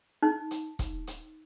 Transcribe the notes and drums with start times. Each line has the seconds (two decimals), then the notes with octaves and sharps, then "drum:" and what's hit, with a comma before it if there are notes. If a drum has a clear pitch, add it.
0.22 D#4
0.51 drum: hi-hat
0.79 drum: kick E1, hi-hat
1.07 drum: hi-hat